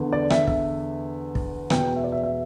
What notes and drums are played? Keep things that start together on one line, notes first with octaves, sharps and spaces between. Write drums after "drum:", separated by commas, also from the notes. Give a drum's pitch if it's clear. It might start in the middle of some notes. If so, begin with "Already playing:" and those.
Already playing: E2 D3
D5
E5, drum: rim click
E5, drum: kick
drum: kick
E2 B2 G5, drum: rim click
E5
D5
E5
E5